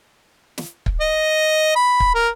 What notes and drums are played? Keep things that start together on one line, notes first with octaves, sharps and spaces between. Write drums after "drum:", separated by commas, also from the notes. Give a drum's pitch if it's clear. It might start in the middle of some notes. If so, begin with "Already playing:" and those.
drum: snare
drum: kick
D#5
B5
drum: kick
A#4